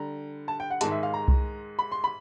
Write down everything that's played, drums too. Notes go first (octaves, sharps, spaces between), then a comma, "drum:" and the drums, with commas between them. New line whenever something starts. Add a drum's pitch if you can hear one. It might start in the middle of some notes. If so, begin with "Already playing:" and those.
Already playing: D3 G3 A#5
A5
G5
F#5
G#2 D#3 G#3 A5, drum: hi-hat
E5
F5
A#5
drum: kick C2
B5
C6
B5